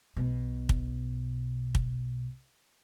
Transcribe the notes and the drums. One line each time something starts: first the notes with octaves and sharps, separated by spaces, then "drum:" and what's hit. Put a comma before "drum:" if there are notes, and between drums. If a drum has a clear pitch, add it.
B1 B2
drum: kick
drum: kick